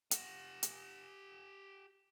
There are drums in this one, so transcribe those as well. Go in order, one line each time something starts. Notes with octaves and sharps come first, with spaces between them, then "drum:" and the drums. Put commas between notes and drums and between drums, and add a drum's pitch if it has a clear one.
G4 F#5, drum: hi-hat
drum: hi-hat